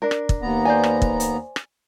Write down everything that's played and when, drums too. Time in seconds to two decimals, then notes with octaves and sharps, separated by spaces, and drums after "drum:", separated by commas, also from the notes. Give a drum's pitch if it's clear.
0.02 D4 A#4
0.11 drum: rim click
0.29 drum: kick
0.42 D#2 B3 A#5
0.65 C5 D5 G#5
0.84 drum: rim click
1.02 drum: kick
1.20 drum: hi-hat
1.56 drum: rim click